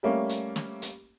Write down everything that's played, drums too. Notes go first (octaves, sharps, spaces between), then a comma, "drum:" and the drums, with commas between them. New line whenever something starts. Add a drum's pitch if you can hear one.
G3 A3 A#3 C#4
drum: hi-hat
drum: snare
drum: hi-hat